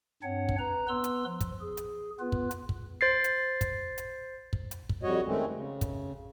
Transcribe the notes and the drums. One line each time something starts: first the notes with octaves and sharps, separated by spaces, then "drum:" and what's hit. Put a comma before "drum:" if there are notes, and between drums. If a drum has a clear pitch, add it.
G2 C4 D4 C#5 F#5
drum: kick
B4 A#5
B3 B4 C6 E6
drum: hi-hat
F3
drum: kick, hi-hat
G#4
drum: hi-hat
B3 F4 B4
drum: kick
drum: hi-hat
drum: kick
C5 A6 C7
drum: hi-hat
drum: kick, hi-hat
drum: hi-hat
drum: kick
drum: hi-hat
drum: kick
F2 G3 F#4 C#5 D#5
D#3 G#3 A3 C4 C#4
C#3
drum: kick, hi-hat